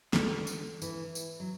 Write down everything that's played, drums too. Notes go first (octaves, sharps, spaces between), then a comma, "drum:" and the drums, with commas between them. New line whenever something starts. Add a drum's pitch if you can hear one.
D3, drum: snare
drum: tambourine
E3, drum: tambourine
drum: tambourine
F#3